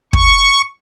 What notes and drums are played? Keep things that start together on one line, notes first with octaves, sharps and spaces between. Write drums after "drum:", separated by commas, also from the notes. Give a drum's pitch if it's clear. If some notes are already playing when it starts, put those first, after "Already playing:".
C#6, drum: kick